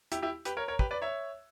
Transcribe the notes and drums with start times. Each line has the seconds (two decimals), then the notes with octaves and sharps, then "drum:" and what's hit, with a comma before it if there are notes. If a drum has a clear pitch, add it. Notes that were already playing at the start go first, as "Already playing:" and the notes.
0.12 E4 G4, drum: hi-hat
0.22 E4 G4
0.45 G4 B4, drum: hi-hat
0.57 A#4 C#5
0.68 A#4 C#5
0.79 G4 B4, drum: kick
0.91 B4 D5
1.02 C#5 E5